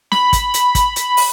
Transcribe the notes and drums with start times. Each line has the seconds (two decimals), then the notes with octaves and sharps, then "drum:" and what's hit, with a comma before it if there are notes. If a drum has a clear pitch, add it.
0.12 B5, drum: snare
0.33 drum: kick, hi-hat
0.54 drum: hi-hat
0.75 drum: kick, hi-hat
0.96 drum: hi-hat
1.17 drum: open hi-hat